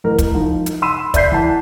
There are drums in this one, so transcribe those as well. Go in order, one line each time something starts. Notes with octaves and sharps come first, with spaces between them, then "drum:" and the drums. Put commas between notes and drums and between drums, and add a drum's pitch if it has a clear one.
A1 A#4
drum: kick, hi-hat
F3 D#4
drum: hi-hat
B5 C6 E6 D#7 E7
D5 E5 B5 G6 B6 C7, drum: kick, hi-hat
E3 F#5 A5